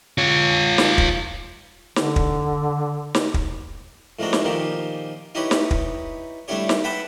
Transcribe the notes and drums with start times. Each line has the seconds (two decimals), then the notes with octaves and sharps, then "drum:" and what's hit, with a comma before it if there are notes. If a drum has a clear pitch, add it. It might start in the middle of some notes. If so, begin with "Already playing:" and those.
0.18 F4 C#5
0.78 drum: snare
0.98 drum: kick
1.96 D3, drum: snare
2.16 drum: kick
3.15 drum: snare
3.34 drum: kick
4.19 A2 F3 G#3 A#3 D4 F#4
4.33 drum: snare
4.44 A#2 D#3 F3 G4
5.35 D#4 E4 G4 B4 C#5
5.51 drum: snare
5.71 drum: kick
6.48 G3 A3 D4 E4 G4 C#5
6.69 drum: snare
6.84 B4 E5 F#5 G5 A5 B5